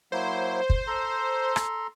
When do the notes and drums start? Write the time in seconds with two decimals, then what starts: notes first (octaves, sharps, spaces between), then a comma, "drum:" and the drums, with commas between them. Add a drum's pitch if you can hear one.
0.12 F#3 A#3 E4 C5
0.70 drum: kick
0.87 A4 A#5 C6
1.56 drum: rim click